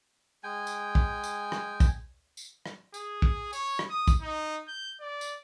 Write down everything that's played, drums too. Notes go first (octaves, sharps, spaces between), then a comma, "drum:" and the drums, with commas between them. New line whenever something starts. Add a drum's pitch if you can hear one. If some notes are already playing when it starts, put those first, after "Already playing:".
G#3 G5 G#5
drum: tambourine
drum: kick
drum: tambourine
drum: rim click
drum: kick, tambourine
drum: tambourine
drum: rim click
G#4, drum: tambourine
drum: kick
C#5, drum: tambourine
drum: rim click
D#6
drum: kick, tambourine
D#4
G6
D5
drum: tambourine